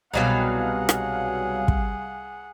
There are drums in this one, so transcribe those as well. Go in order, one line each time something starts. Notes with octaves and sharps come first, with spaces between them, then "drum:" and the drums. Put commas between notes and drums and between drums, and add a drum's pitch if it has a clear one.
C2 B2 F#3 G3 D#4 G#4 F5 F#5
drum: rim click
drum: kick